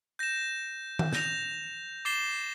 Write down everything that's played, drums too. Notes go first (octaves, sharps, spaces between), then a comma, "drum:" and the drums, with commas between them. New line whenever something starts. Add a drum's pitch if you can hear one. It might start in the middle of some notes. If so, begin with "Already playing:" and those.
G6 A#6 E7
drum: tom D#3
G6 A#6 F7, drum: snare
D6 A6 C7 E7 G7